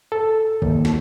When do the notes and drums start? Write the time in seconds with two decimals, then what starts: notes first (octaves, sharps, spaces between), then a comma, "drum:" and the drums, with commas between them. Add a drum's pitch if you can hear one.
0.12 A4
0.62 D#2, drum: kick A#1
0.85 drum: snare